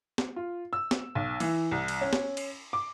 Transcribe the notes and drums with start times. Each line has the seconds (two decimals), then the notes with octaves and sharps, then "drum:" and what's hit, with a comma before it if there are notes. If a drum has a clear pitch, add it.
0.18 drum: snare
0.36 F4
0.73 E6
0.91 drum: snare
1.15 B1
1.40 E3, drum: cymbal
1.71 C2
1.88 drum: cymbal
2.01 C#4
2.13 drum: snare
2.37 drum: cymbal
2.73 D6